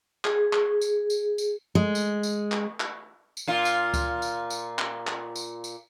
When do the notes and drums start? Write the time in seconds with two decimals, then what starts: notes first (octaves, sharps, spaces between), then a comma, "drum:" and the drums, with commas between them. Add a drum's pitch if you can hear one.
0.25 G#4, drum: clap
0.53 drum: clap
0.81 drum: tambourine
1.10 drum: tambourine
1.38 drum: tambourine
1.75 G#3
1.95 drum: tambourine
2.23 drum: tambourine
2.52 drum: clap
2.80 drum: clap
3.37 drum: tambourine
3.48 A#2 F4
3.65 drum: tambourine
3.94 drum: kick C#2, tambourine
4.22 drum: tambourine
4.50 drum: tambourine
4.79 drum: clap
5.07 drum: clap
5.36 drum: tambourine
5.64 drum: tambourine